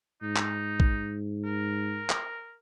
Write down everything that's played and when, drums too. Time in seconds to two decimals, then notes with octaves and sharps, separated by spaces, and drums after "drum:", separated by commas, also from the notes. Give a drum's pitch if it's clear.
0.22 G#2 D#4
0.36 drum: clap
0.80 drum: kick A#1
1.45 A#4
2.10 drum: clap